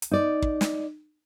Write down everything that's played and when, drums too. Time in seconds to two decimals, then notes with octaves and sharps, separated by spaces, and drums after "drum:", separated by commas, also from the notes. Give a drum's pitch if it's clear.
0.02 drum: hi-hat
0.11 D#4 D5
0.42 drum: kick
0.61 drum: snare